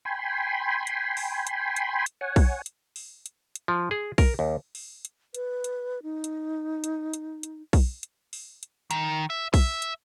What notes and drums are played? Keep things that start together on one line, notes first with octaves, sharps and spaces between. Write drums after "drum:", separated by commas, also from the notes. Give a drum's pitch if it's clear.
G5 G#5 B5 C6
drum: hi-hat
drum: open hi-hat
drum: hi-hat
drum: hi-hat
drum: hi-hat
C#5 F#5 G#5
drum: kick B1, open hi-hat
drum: hi-hat
drum: open hi-hat
drum: hi-hat
drum: hi-hat
F3
G#4
A#4, drum: kick B1, open hi-hat
D#2
drum: open hi-hat
drum: hi-hat
B4, drum: hi-hat
drum: hi-hat
D#4
drum: hi-hat
drum: hi-hat
drum: hi-hat
drum: hi-hat
drum: kick B1, open hi-hat
drum: hi-hat
drum: open hi-hat
drum: hi-hat
D#3, drum: hi-hat
E5
E5, drum: kick B1, open hi-hat
drum: hi-hat